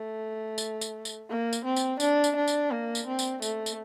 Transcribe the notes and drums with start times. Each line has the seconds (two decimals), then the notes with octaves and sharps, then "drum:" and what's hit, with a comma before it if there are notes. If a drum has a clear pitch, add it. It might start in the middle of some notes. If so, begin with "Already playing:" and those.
Already playing: A3
0.58 drum: tambourine
0.81 drum: tambourine
1.05 drum: tambourine
1.29 A#3
1.53 drum: tambourine
1.65 C4
1.76 drum: tambourine
2.00 D4, drum: tambourine
2.24 drum: tambourine
2.36 D4
2.48 drum: tambourine
2.71 A#3
2.95 drum: tambourine
3.07 C4
3.19 drum: tambourine
3.42 A3, drum: tambourine
3.66 drum: tambourine